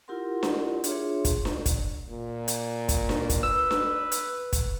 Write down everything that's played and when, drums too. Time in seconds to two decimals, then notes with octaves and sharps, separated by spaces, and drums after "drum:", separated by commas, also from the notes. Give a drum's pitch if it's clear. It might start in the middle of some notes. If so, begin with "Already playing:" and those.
0.08 E4 F4 G4 A#4 F#5 C6
0.43 drum: snare D4
0.84 D4 F4 G#4 C#5 E5 C6, drum: hi-hat
1.25 drum: kick, hi-hat
1.45 drum: snare D4
1.66 drum: kick, hi-hat
2.10 A#2
2.48 drum: hi-hat
2.89 drum: kick, hi-hat
3.09 drum: snare D4
3.30 drum: kick, hi-hat
3.43 B4 E6
3.71 drum: snare D4
4.12 drum: hi-hat
4.53 drum: kick, hi-hat